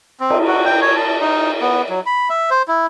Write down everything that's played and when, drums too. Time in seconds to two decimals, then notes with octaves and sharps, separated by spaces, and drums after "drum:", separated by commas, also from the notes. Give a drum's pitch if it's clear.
0.20 C4
0.30 drum: cymbal
0.47 F#4
0.65 G5
0.81 C#5
0.96 A5
1.21 D#4
1.61 B3
1.89 F#3
2.06 B5
2.30 E5
2.50 C5
2.68 E4